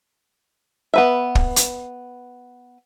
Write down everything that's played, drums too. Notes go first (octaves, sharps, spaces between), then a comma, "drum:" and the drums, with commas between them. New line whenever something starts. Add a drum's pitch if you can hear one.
B3 B4 E5
drum: kick
drum: hi-hat